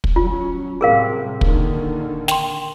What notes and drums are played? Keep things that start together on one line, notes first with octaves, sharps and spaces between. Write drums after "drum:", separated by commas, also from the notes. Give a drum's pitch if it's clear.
drum: kick
F#3 C#4 F4
A2 C3 G3 G#4 A#4 F5
A#2 D3 D#3, drum: kick
G5 C6, drum: snare